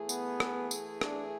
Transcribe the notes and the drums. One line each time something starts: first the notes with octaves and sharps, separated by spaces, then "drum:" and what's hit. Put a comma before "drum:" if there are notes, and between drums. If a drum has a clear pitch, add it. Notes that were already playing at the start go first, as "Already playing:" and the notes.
Already playing: E3 A3 E4 G#4
B3, drum: tambourine
drum: rim click
drum: tambourine
D4, drum: rim click